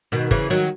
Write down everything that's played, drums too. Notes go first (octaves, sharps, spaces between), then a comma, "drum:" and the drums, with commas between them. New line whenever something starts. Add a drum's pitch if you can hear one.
B2 D#3
C#3 E3, drum: kick G1
D#3 F#3